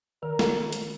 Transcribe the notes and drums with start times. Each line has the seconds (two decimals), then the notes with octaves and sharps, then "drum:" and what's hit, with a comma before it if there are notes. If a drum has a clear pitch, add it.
0.23 D#3 A#4
0.39 drum: snare
0.73 drum: hi-hat